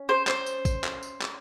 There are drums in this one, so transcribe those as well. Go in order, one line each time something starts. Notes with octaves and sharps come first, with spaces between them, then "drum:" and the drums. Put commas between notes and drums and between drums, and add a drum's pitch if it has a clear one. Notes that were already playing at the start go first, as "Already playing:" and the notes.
Already playing: C#4
C5
C5, drum: clap
drum: tambourine
drum: kick A1, tambourine
drum: clap
drum: tambourine
drum: clap